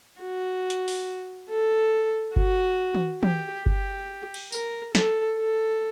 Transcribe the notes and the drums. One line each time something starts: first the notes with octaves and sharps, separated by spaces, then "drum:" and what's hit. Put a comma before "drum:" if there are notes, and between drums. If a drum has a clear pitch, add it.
F#4
drum: hi-hat
drum: open hi-hat
A4
F#4, drum: kick G1
drum: tom D#3
G4, drum: tom
G4, drum: kick G1
drum: cymbal
A#4, drum: tambourine
A4, drum: snare
A4